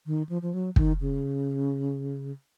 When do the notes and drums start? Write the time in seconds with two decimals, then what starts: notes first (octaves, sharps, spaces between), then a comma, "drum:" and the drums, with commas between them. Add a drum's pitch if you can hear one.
0.06 D#3
0.29 F3
0.42 F3
0.54 F#3
0.76 D#3, drum: kick
1.01 C#3